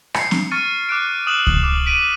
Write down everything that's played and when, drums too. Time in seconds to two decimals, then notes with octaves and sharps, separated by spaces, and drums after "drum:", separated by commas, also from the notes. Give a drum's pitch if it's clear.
0.14 C7 C#7, drum: rim click
0.31 drum: snare C4
0.51 C#6 F6 A6 C#7 D#7
0.89 D6 F#6 D7
1.27 D#6 F#6 E7 F#7
1.47 drum: kick C#2
1.63 D6
1.86 B6 D7 D#7